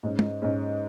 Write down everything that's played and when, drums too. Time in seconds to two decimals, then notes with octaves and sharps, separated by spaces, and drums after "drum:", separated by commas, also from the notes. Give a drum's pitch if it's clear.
0.03 G#2 G#3 C#4
0.19 drum: tom
0.42 G#2 G#3 C#4